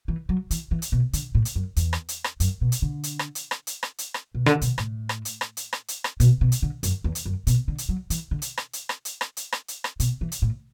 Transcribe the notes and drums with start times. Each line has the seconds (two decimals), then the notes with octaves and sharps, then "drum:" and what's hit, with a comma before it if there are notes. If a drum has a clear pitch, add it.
0.08 E3
0.29 F#3
0.51 E3, drum: hi-hat
0.71 E3
0.82 drum: hi-hat
0.92 B2
1.13 D3, drum: hi-hat
1.35 A2
1.45 drum: hi-hat
1.55 F#2
1.76 E2, drum: hi-hat
1.93 drum: rim click
2.09 drum: hi-hat
2.24 drum: rim click
2.40 F#2, drum: hi-hat
2.61 B2
2.72 drum: hi-hat
2.82 D3
3.03 drum: hi-hat
3.19 drum: rim click
3.35 drum: hi-hat
3.51 drum: rim click
3.67 drum: hi-hat
3.83 drum: rim click
3.98 drum: hi-hat
4.14 drum: rim click
4.35 B2
4.46 D3, drum: rim click
4.61 B2, drum: hi-hat
4.78 A2, drum: rim click
5.09 drum: rim click
5.25 drum: hi-hat
5.41 drum: rim click
5.57 drum: hi-hat
5.73 drum: rim click
5.88 drum: hi-hat
6.04 drum: rim click
6.20 B2, drum: hi-hat
6.41 B2
6.52 drum: hi-hat
6.62 D3
6.83 F#2, drum: hi-hat
7.04 E2
7.15 drum: hi-hat
7.26 F#2
7.47 B2, drum: hi-hat
7.68 D3
7.78 drum: hi-hat
7.89 F#3
8.10 E3, drum: hi-hat
8.31 D3
8.42 drum: hi-hat
8.57 drum: rim click
8.73 drum: hi-hat
8.89 drum: rim click
9.05 drum: hi-hat
9.21 drum: rim click
9.37 drum: hi-hat
9.52 drum: rim click
9.68 drum: hi-hat
9.84 drum: rim click
10.00 B2, drum: hi-hat
10.21 E3
10.32 drum: hi-hat
10.42 A2